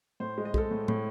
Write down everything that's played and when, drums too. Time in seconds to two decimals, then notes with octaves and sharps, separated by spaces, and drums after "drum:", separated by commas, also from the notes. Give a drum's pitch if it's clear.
0.20 A2 C5
0.38 G#3
0.45 D#5
0.54 G#3 A4, drum: kick
0.71 A2
0.88 A2, drum: tom